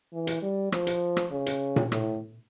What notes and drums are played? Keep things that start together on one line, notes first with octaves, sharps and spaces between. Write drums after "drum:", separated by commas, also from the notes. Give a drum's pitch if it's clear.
E3
drum: hi-hat
G3
F3, drum: rim click
drum: hi-hat
drum: rim click
C#3
drum: hi-hat
drum: tom A#2
A2, drum: rim click